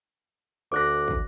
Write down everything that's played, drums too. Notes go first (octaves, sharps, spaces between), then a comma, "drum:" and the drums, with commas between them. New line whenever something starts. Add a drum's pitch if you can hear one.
D2 D6 F#6 A#6
drum: kick